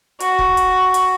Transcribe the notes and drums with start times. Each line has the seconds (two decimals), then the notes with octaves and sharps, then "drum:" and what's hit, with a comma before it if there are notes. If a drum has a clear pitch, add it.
0.20 F#4, drum: hi-hat
0.39 drum: kick
0.57 drum: hi-hat
0.94 drum: hi-hat